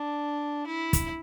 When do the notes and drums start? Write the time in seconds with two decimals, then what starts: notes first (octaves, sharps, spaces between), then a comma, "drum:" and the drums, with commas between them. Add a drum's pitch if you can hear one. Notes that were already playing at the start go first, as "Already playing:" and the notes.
Already playing: D4
0.67 E4
0.93 drum: kick, hi-hat